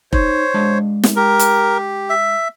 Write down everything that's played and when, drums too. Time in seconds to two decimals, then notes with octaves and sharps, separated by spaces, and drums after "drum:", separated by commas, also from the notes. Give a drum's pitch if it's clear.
0.13 D#4 C5 C#5, drum: kick F1
0.54 G#3 D4 A5
1.03 drum: snare
1.16 G4 A#4
1.39 drum: hi-hat
2.10 E5